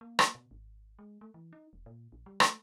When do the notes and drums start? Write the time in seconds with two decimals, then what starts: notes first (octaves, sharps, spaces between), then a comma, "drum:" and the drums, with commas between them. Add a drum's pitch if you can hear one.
0.01 A#3
0.19 drum: rim click
0.35 B2
0.51 G#1
0.99 G#3
1.21 A3
1.34 E3
1.53 D#4
1.73 E1
1.86 A#2
2.12 A#1
2.26 G3
2.40 A3, drum: rim click